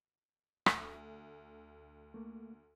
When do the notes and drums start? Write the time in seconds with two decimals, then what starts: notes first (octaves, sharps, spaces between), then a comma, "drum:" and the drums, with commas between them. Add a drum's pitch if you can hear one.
0.66 D2, drum: rim click
2.14 A3 A#3